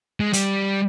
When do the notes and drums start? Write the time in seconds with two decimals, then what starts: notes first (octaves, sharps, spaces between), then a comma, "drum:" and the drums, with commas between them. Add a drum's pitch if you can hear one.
0.20 G#3
0.33 G3, drum: hi-hat